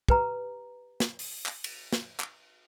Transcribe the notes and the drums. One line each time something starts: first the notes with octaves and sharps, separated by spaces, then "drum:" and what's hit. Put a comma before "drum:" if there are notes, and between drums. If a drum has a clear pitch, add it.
G4 B4 A#5, drum: kick
drum: snare
drum: open hi-hat
drum: clap
drum: cymbal
drum: snare
drum: clap